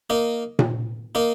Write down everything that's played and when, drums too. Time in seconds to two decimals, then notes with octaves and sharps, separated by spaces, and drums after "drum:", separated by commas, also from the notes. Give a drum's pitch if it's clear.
0.10 A#3 D#4
0.59 drum: tom A#2
1.15 A#3 D#4